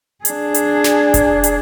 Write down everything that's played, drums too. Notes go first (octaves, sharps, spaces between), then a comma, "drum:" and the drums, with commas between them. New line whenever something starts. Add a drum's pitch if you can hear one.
D4 G#4, drum: hi-hat
drum: hi-hat
drum: snare
drum: kick F1, hi-hat
drum: hi-hat